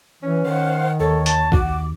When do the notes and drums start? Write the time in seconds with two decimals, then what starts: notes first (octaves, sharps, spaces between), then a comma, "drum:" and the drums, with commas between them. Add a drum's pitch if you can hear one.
0.23 E3 C#4
0.45 D#3 C5 F5 F#5
1.00 D#2 A4 C#5
1.26 A5, drum: hi-hat
1.52 F#4 D6, drum: kick